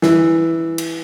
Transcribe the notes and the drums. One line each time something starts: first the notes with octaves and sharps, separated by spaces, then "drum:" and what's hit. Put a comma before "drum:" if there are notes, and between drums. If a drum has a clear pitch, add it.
E3, drum: snare
drum: cymbal